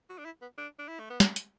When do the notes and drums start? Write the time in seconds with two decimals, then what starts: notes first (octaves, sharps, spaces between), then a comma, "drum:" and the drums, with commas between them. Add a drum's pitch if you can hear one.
0.10 F#4
0.18 D4
0.26 E4
0.42 B3
0.58 D4
0.79 D4
0.88 E4
1.00 A3
1.10 B3
1.20 D4, drum: snare
1.36 drum: hi-hat